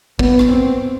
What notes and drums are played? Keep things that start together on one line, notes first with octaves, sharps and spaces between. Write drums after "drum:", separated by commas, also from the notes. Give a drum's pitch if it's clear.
B3, drum: kick
drum: rim click
C4